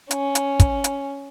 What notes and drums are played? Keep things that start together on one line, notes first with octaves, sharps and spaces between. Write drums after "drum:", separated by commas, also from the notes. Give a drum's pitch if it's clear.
C#4, drum: hi-hat
drum: hi-hat
drum: kick, hi-hat
drum: hi-hat